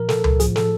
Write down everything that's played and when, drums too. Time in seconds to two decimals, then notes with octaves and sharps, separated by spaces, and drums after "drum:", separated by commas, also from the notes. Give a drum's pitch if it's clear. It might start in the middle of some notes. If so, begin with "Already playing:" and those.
Already playing: A#2 F3 A#4
0.09 A4, drum: snare
0.24 drum: tom C#2
0.40 A2 F3 G#4, drum: hi-hat
0.56 A4, drum: snare